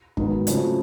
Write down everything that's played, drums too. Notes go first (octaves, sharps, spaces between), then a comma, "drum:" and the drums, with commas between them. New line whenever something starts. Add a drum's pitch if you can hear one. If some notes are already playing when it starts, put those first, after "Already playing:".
G#2 D#3 F#3 B3, drum: kick
C#3 F#3 A3 C4 F4, drum: hi-hat